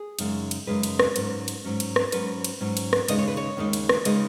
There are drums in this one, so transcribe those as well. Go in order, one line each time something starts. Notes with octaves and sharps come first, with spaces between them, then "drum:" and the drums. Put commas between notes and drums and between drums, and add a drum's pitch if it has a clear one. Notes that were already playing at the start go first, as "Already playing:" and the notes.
Already playing: G#4
F#2 C#3 G#3 D#4, drum: cymbal
drum: cymbal
F#2 C#3 G#3 D#4 B4
drum: cymbal
drum: rim click
G#2 F#3 C#4, drum: cymbal
drum: cymbal
G#2 F#3 C#4
drum: cymbal
drum: rim click
G#2 F#3 C#4 B4, drum: cymbal
drum: cymbal
G#2 F#3 C#4
drum: cymbal
drum: rim click
D#2 C#3 G#3 D#4 D#5, drum: cymbal
C#5
B4
C#5
D#2 C#3 G#3 D#4
drum: cymbal
drum: rim click
C#3 G#3 D#4 D#5, drum: cymbal